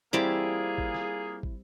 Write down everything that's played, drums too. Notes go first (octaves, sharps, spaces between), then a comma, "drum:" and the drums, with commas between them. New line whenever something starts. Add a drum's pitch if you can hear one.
G3 A#3 C4 E4 F4 G#4 D6
drum: kick
drum: snare
drum: kick